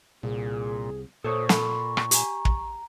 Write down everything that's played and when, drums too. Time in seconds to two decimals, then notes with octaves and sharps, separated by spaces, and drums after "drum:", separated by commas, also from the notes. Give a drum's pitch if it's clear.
0.23 C2 A#2 G#4
1.24 A#2 A4 C5 C#5 C#6 D#6
1.49 A4 B5, drum: snare
1.97 drum: rim click
2.11 G4 G#5 A#5, drum: hi-hat
2.45 drum: kick